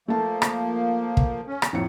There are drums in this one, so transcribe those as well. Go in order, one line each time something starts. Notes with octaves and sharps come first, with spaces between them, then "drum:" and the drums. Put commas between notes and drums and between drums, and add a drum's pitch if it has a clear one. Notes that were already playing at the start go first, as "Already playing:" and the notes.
F3 A3 A#3 A5
drum: rim click
drum: kick
C#4
drum: rim click
F2 A2 F#3 C#7